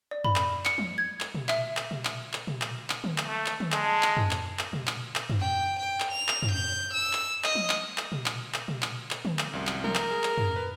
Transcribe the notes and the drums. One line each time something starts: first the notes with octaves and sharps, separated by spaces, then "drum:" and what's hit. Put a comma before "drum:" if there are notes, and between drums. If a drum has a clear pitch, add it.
D5
B5, drum: tom
drum: clap
C#7, drum: clap
drum: tom
G#6
drum: clap
drum: tom
E5, drum: clap
drum: clap
drum: tom
drum: clap
drum: clap
drum: tom
drum: clap
drum: clap
drum: tom
drum: clap
A3
drum: clap
drum: tom
G#3 D5 A5 D6, drum: clap
drum: clap
drum: tom
drum: clap
drum: clap
drum: tom
drum: clap
drum: clap
drum: tom
G5
G5
drum: clap
F7
drum: clap
drum: tom
G6
E6
drum: clap
D#5, drum: clap
drum: tom
drum: clap
drum: clap
drum: tom
drum: clap
drum: clap
drum: tom
drum: clap
drum: clap
drum: tom
drum: clap
C2 F#2
drum: clap
A#4, drum: tom
drum: clap
G#4
drum: clap
drum: tom
B4